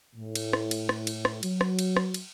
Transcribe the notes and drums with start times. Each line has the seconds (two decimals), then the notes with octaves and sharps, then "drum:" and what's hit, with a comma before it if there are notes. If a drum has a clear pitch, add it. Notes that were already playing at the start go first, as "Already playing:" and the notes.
0.16 A2
0.35 drum: cymbal
0.53 drum: rim click
0.71 drum: cymbal
0.89 drum: rim click
1.07 drum: cymbal
1.25 drum: rim click
1.43 F#3, drum: cymbal
1.61 drum: rim click
1.79 drum: cymbal
1.97 drum: rim click
2.14 drum: cymbal